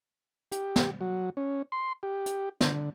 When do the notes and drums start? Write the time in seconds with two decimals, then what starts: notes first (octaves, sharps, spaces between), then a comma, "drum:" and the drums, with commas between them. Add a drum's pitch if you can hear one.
0.52 G4, drum: hi-hat
0.76 drum: snare
1.01 F#3
1.37 C#4
1.72 C6
2.03 G4
2.26 drum: hi-hat
2.61 D3, drum: snare